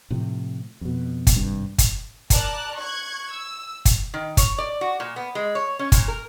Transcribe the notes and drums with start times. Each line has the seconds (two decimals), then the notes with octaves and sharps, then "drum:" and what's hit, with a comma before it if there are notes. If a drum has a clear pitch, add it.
0.10 A2 C3 F3
0.81 F2 B2
1.27 drum: kick, hi-hat
1.36 G#1 G2 C3
1.78 drum: kick, hi-hat
2.30 A#4 D5 A5 F#6, drum: kick, hi-hat
2.77 C#6 F#6 G#6
3.30 E6
3.85 drum: kick, hi-hat
4.14 D#3
4.37 C#5, drum: kick, hi-hat
4.58 D5
4.81 F#4
5.00 A#2
5.16 B3
5.35 G#3
5.55 C#5
5.79 C#4
5.92 A#2, drum: kick, hi-hat
6.08 A#4